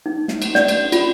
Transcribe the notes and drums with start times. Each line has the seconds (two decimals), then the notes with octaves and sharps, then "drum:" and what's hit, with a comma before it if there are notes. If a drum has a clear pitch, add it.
0.06 D#4
0.28 drum: snare
0.42 drum: cymbal
0.55 D5, drum: snare
0.68 drum: cymbal
0.92 F4, drum: cymbal